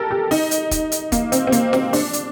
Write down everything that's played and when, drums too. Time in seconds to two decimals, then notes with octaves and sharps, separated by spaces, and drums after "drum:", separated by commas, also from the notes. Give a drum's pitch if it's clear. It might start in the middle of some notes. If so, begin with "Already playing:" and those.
Already playing: G4 A4 A#4
0.11 G4
0.31 D#4, drum: open hi-hat
0.51 drum: hi-hat
0.71 drum: kick, hi-hat
0.92 drum: hi-hat
1.12 A#3, drum: kick, hi-hat
1.32 C4, drum: hi-hat
1.47 C4
1.52 A#3, drum: hi-hat
1.73 C4, drum: snare
1.93 D4, drum: open hi-hat
2.13 drum: hi-hat